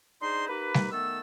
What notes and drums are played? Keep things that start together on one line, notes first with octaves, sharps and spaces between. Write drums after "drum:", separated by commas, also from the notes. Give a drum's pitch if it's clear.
D4 D#4 G#4 C5 D#5 C6
A#3 D#4 G4 B4
drum: snare G3
D#3 A3 B3 A4 E6